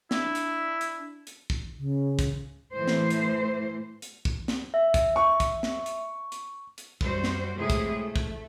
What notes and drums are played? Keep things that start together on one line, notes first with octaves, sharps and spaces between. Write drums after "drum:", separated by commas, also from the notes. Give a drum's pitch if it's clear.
D4 E4, drum: snare
drum: hi-hat
drum: hi-hat
drum: hi-hat
drum: kick
C#3
drum: kick, hi-hat
A2 E3 C5
drum: snare
drum: hi-hat
drum: hi-hat
drum: kick
drum: snare
E5
drum: kick, hi-hat
C#6
drum: kick, hi-hat
drum: snare
drum: hi-hat
drum: hi-hat
drum: hi-hat
F#2 G3 F#4 C5, drum: kick
drum: snare
A2 C3 G#3 A3 E4 G#4
drum: kick, hi-hat
A3
drum: kick